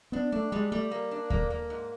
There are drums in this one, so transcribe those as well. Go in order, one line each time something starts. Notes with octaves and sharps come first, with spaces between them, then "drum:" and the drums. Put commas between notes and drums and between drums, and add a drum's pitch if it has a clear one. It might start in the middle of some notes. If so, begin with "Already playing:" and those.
B3 D4
A3 D4
G3 G#3
G3 A3
A#3
D4
A#3, drum: kick D#2
A#3
G#2